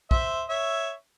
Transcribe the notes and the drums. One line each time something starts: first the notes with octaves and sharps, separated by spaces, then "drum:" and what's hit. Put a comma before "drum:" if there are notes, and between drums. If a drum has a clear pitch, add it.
C5 E5, drum: kick
C#5 E5